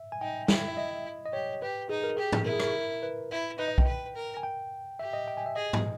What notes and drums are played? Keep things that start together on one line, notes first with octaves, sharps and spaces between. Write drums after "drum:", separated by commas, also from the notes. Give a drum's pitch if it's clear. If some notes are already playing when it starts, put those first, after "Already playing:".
Already playing: E5
G#5
D#4 G5
E4, drum: snare
E5
D#5
D#5
G4 C#5
G4 B4
D#4 G#4
A#4
G4 G#4
drum: tom G#2
E4 A#4
G#4
A#4, drum: rim click
B4
E4
D#4 B4
D#5
G5, drum: kick B1
B4
A#4
G#5
G5
G4 E5
D#5
G5
G#5
E5
G#4 D#5
drum: tom G#2